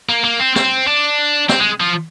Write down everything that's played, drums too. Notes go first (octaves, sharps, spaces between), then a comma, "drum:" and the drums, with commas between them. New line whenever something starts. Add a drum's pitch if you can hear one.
A#3
A#3
C4
C4, drum: snare
D4
C4, drum: snare
G#3
F3